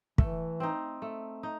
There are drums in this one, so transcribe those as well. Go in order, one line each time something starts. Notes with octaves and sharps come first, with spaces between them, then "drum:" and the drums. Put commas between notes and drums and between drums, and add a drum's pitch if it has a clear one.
E3 A3, drum: kick
C4 D#4
A3
D#4